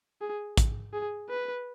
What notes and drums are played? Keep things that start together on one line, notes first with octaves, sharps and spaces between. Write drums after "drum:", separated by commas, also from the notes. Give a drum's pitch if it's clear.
G#4
drum: kick A1, hi-hat
G#4
B4